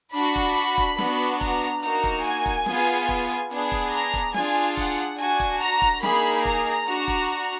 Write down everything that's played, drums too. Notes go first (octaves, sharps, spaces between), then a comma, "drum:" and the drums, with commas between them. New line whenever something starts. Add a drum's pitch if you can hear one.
D4 F#4 B5, drum: hi-hat
drum: kick, hi-hat
drum: hi-hat
drum: kick, hi-hat
B3 D4 F#4, drum: snare
A#5, drum: kick, hi-hat
drum: hi-hat
A#3 D#4 F#4 A#5, drum: hi-hat
drum: kick, hi-hat
G#5, drum: hi-hat
drum: kick, hi-hat
B3 F4 G#4, drum: snare
drum: hi-hat
drum: kick, hi-hat
drum: hi-hat
B3 D4 G#4, drum: hi-hat
drum: kick
A#5, drum: hi-hat
drum: kick, hi-hat
D4 F4 G#4 G#5, drum: snare
drum: hi-hat
F#5, drum: kick, hi-hat
drum: hi-hat
D4 F#4 G#5, drum: hi-hat
drum: kick, hi-hat
A#5, drum: hi-hat
drum: kick, hi-hat
A#3 D#4 G#4 B5, drum: snare
drum: hi-hat
A#5, drum: kick, hi-hat
drum: hi-hat
D4 F#4, drum: hi-hat
drum: kick, hi-hat
drum: hi-hat